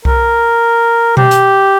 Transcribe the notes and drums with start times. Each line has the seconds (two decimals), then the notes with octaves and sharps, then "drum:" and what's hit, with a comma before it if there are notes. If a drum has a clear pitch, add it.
0.05 A#4, drum: kick C2
1.17 G4, drum: tom B2
1.31 drum: hi-hat